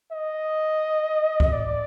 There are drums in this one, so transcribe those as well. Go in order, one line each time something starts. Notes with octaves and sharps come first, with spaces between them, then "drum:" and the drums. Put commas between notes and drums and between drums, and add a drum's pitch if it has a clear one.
D#5
drum: kick C#2
D5